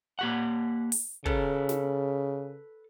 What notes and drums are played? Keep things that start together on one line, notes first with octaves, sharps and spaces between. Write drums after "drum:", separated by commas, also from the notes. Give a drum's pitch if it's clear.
A#3 G4 F#5
drum: open hi-hat
C#3 A4 B4, drum: kick
drum: snare